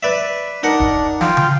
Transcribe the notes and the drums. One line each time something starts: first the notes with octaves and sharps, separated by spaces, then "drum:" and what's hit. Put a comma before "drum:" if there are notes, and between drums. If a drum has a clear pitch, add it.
B4 D5 E5
D4 D#4 A#4 F#5
drum: kick D1
F4 F5 G5, drum: snare
drum: tom